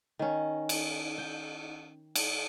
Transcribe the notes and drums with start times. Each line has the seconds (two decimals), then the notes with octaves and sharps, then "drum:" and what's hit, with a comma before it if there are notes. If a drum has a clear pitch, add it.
0.19 D#3 C#4
0.69 drum: cymbal
1.18 G5
2.15 drum: cymbal